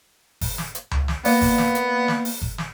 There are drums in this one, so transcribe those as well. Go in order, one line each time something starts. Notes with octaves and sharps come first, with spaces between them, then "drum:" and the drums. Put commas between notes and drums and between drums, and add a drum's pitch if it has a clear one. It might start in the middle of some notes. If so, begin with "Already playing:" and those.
drum: kick F#1, open hi-hat
drum: snare
drum: hi-hat
drum: tom C#2
drum: snare
A#3 B3 D5 F5, drum: open hi-hat
drum: kick F#1, open hi-hat
drum: snare
drum: hi-hat
drum: snare
drum: open hi-hat
drum: kick F#1
drum: snare